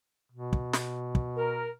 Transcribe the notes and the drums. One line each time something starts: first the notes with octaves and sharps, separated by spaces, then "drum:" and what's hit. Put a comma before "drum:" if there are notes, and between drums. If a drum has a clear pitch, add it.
B2
drum: kick
drum: snare
drum: kick
A#4